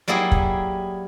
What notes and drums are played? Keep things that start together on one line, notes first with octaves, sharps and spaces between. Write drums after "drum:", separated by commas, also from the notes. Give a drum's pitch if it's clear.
F#3 G3 A#3 E4 G#4
drum: kick